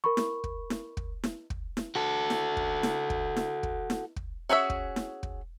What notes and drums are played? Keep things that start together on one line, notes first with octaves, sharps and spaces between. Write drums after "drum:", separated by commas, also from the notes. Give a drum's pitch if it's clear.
A#4 B5 C#6
drum: snare E4
drum: kick
drum: snare E4
drum: kick
drum: snare E4
drum: kick
drum: snare E4
F#4 A4
drum: snare E4
drum: kick
drum: snare E4
drum: kick
drum: snare E4
drum: kick
drum: snare E4
drum: kick
C#4 F#4 G#4 C5 E5
drum: kick
drum: snare E4
drum: kick